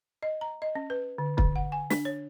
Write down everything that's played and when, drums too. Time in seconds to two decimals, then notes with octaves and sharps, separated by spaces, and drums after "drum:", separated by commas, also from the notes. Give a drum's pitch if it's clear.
0.23 D#5
0.41 A#5
0.62 D#5
0.75 C#4
0.90 B4
1.18 D3
1.38 D3, drum: kick
1.56 F#5
1.72 G#5
1.90 D4, drum: snare
2.05 C#5